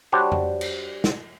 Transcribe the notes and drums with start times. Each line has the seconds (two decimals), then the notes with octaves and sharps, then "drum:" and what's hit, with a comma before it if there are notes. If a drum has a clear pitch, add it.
0.12 G3 D4 F#4 G4 C5 C#5
0.32 drum: tom F2
0.61 drum: cymbal
1.04 drum: snare